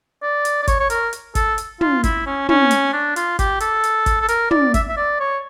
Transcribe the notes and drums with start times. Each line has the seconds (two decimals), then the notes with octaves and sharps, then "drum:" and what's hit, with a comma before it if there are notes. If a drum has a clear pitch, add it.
0.22 D5
0.45 drum: hi-hat
0.62 D5
0.68 C#5, drum: kick G#1, hi-hat
0.80 C#5
0.90 A#4, drum: hi-hat
1.13 drum: hi-hat
1.35 A4, drum: kick G#1, hi-hat
1.58 drum: hi-hat
1.81 F4, drum: tom
2.04 E4, drum: kick G#1, hi-hat
2.26 C#4
2.49 C#4, drum: tom
2.71 drum: hi-hat
2.93 D4
3.16 F4, drum: hi-hat
3.39 G4, drum: kick G#1, hi-hat
3.60 A4, drum: hi-hat
3.84 drum: hi-hat
4.06 drum: kick G#1, hi-hat
4.21 A4
4.28 A#4, drum: hi-hat
4.51 D5, drum: tom
4.74 E5, drum: kick G#1, hi-hat
4.88 E5
4.97 D5
5.20 C#5